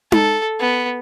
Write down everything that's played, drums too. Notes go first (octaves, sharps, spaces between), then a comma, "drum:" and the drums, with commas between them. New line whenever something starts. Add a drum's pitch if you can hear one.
A4, drum: tom D#4
B3